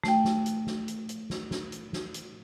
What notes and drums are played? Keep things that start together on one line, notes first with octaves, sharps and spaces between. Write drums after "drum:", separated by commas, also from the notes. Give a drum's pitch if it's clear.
A3 G5, drum: snare
drum: snare
drum: hi-hat
drum: snare
drum: hi-hat
drum: hi-hat
drum: snare
drum: snare
drum: hi-hat
drum: snare
drum: hi-hat